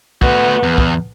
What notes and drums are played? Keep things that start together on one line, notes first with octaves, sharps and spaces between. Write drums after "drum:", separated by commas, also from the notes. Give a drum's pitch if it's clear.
A3 B3 F#4, drum: kick
E2
drum: kick